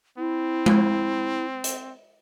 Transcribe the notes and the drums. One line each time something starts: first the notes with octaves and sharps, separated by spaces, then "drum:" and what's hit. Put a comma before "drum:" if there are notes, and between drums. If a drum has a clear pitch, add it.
C4 E4
drum: tom G#3
drum: hi-hat